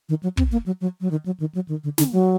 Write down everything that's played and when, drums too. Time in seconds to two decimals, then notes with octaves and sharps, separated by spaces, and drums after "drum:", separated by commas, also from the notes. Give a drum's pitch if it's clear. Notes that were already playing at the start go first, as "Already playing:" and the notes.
0.09 D#3
0.23 F#3
0.37 C4, drum: kick
0.52 A#3
0.66 F#3
0.81 F#3
1.01 F#3
1.11 D#3
1.26 F#3
1.40 D#3
1.55 F#3
1.69 D#3
1.84 D3
1.98 D3, drum: snare
2.13 F#3